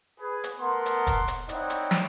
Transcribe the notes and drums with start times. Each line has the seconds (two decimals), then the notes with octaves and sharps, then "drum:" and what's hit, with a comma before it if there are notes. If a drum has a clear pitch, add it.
0.19 G#4 B4
0.44 drum: hi-hat
0.60 A3 B3 A#4 F#5 C6
0.86 drum: hi-hat
1.07 drum: kick, hi-hat
1.28 drum: hi-hat
1.49 C4 D#4 E4 C#5 D5 F#5, drum: hi-hat
1.70 drum: hi-hat
1.91 drum: snare